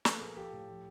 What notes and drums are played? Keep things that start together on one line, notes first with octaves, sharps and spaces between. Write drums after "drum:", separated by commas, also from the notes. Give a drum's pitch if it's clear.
F3 A4 B4, drum: snare
A#2 G#4 A#4
F3 G4 A4
A2
F3